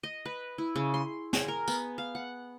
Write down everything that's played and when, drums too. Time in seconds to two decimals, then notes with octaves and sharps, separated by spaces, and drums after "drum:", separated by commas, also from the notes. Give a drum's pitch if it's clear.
0.03 D#5
0.25 B4
0.58 E4
0.76 C#3
0.94 C6
1.33 G#4, drum: snare
1.48 A#4
1.68 B3, drum: tambourine
1.98 F5
2.15 F#5